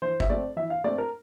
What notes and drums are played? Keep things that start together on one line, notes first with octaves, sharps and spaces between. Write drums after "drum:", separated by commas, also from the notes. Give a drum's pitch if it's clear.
E3 C5
E5, drum: kick
A3 C4 D5
E3 E5
F5
A3 C4 D5
A#4